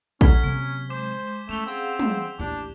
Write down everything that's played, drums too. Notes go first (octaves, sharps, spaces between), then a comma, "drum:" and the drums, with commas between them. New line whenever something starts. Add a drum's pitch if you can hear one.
C#4 A4 F#5 A#5 G#6 B6 G7, drum: kick
C3 F#3 A#3
G#3 C5 D6 G6 E7
A3 C#4 E7 F7 G7
C4 G#4 F5 F#5
drum: tom
A1 D#2 D4 G4